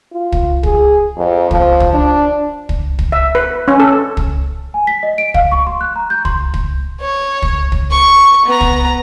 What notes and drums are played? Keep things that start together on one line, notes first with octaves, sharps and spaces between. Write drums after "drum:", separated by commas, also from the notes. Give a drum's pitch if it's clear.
F4
drum: kick
G#4, drum: kick
F2
F3, drum: kick
drum: kick
D4
drum: kick
drum: kick
E5
B4
C#4
A4
drum: kick
G#5
B6
D#5
D7
F5, drum: kick
C#6
C6
F#6
A#5
G6
C6, drum: kick
drum: kick
C#5
drum: kick
drum: kick
C#6
B3 A#5
drum: kick